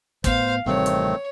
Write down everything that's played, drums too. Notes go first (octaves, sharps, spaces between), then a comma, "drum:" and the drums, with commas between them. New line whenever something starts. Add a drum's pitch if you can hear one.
A2 B3 C5 F5, drum: kick, hi-hat
A1 C3 D#3 G3 A3 C4 C#5
drum: hi-hat